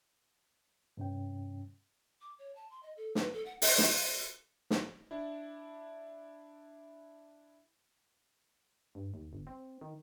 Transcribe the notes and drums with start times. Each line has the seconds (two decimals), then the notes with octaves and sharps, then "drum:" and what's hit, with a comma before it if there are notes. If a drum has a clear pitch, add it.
0.97 G2 C3 C#4 G5
2.21 D6
2.39 C#5
2.55 A5
2.71 C6
2.83 D#5
2.97 A4
3.15 B4, drum: snare
3.33 A4
3.45 F#5
3.62 C5, drum: open hi-hat
3.78 F#4, drum: snare
3.91 F5
4.70 drum: snare
5.11 D4 E4
8.95 G2
9.14 D#2
9.33 G1
9.47 C4
9.81 D#3